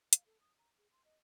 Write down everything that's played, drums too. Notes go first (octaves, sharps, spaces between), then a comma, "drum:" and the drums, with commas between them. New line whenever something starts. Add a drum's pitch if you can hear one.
F5, drum: hi-hat
A4
D#6
A#5
G#4
C6
D#5